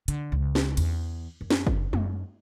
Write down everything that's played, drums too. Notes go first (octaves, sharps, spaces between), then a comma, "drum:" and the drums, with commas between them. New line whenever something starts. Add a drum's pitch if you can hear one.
D3, drum: hi-hat
C#2
drum: snare
E2, drum: cymbal
F#2
drum: snare
drum: kick
F#2, drum: tom G3